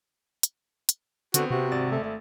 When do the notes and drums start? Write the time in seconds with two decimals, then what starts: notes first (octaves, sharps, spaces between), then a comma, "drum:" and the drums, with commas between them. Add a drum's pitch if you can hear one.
0.43 drum: hi-hat
0.89 drum: hi-hat
1.34 D3 B3 C4 F#4, drum: hi-hat
1.51 C3 F#4
1.72 G#1 D5 A6
1.91 A3
2.04 A3